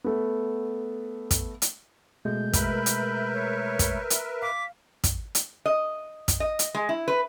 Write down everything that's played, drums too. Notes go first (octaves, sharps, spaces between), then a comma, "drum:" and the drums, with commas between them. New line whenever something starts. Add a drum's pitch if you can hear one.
A3 B3
drum: kick, hi-hat
drum: hi-hat
B2 G#3 A3 G6
A#4 B4 E5 B5, drum: kick, hi-hat
drum: hi-hat
C#5
drum: kick, hi-hat
drum: hi-hat
F5 D6 B6
drum: kick, hi-hat
drum: hi-hat
D#5
drum: kick, hi-hat
D#5
drum: hi-hat
G#3
E4
B4